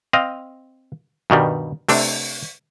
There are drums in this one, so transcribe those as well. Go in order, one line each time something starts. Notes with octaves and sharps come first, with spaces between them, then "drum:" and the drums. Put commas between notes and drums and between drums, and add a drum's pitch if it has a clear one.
C4 D#5 F5
G2 B2 D#3 G3
C3 A3 D4, drum: open hi-hat